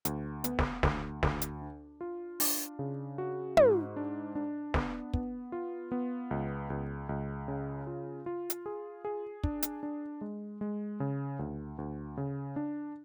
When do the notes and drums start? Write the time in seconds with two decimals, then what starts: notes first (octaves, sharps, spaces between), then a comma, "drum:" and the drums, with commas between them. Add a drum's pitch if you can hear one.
0.05 D2, drum: hi-hat
0.44 B3, drum: hi-hat
0.59 drum: snare
0.83 D2, drum: snare
1.23 D2, drum: snare
1.42 drum: hi-hat
1.62 D4
2.01 F4
2.40 D4, drum: open hi-hat
2.79 C#3
3.18 F#4
3.57 G#2, drum: tom
3.96 D4
4.35 D4
4.74 B3, drum: snare
5.13 B3, drum: kick
5.52 F4
5.92 B3
6.31 C#2
6.70 C#2
7.09 C#2
7.48 C#3
7.87 F4
8.26 F4
8.50 drum: hi-hat
8.66 G#4
9.05 G#4
9.43 D4, drum: kick
9.62 drum: hi-hat
9.83 D4
10.21 G#3
10.61 G#3
11.00 C#3
11.39 D2
11.78 D2
12.17 C#3
12.56 D4